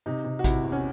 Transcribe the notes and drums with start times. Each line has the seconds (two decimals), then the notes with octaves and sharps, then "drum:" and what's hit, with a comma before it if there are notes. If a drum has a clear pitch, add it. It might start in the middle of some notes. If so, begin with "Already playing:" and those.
0.06 C3 D#4
0.25 C3
0.39 F#4
0.44 C3 E4, drum: kick, hi-hat
0.63 E2
0.72 C#4